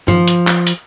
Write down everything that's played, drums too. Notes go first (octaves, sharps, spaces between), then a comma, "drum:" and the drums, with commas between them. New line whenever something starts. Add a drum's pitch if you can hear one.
F3, drum: tom G2
drum: hi-hat
drum: clap
drum: hi-hat